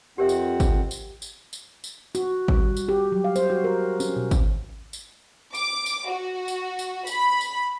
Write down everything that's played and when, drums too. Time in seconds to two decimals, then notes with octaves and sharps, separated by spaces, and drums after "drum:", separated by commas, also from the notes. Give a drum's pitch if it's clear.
0.18 F2 C4 G4 A#4 E5 F#5
0.29 drum: tambourine
0.60 drum: kick G#1, tambourine
0.91 drum: tambourine
1.22 drum: tambourine
1.53 drum: tambourine
1.84 drum: tambourine
2.15 F#4, drum: tambourine
2.48 G3, drum: kick G#1
2.77 drum: tambourine
2.89 G4
3.12 F#3
3.24 F5
3.36 C5, drum: tambourine
3.50 F#4
3.64 A#4
4.00 C#4, drum: tambourine
4.16 B2
4.31 drum: kick G#1, tambourine
4.93 drum: tambourine
5.55 D6, drum: tambourine
5.86 drum: tambourine
6.10 F#4
6.48 drum: tambourine
6.79 drum: tambourine
7.07 B5, drum: tambourine
7.41 drum: tambourine